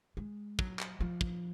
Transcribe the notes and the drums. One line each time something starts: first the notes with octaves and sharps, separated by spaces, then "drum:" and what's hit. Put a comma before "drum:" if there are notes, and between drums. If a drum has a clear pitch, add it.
G#3
F#3, drum: kick
drum: clap
F3
drum: kick